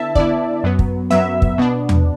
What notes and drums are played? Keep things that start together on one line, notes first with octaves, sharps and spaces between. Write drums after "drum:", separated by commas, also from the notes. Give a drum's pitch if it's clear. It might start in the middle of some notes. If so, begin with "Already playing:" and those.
Already playing: D3 B3 E4 E5 A5
D3 B3 E4 D5, drum: kick
F#2 F#3 B3
drum: kick
F#2 F#3 B3 E5
drum: kick
B2 B3 D4
drum: tom E2